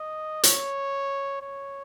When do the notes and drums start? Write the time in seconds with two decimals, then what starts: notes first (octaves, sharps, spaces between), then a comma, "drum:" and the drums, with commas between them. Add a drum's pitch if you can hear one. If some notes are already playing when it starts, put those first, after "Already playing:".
Already playing: D#5
0.43 C#5, drum: hi-hat
1.42 C#5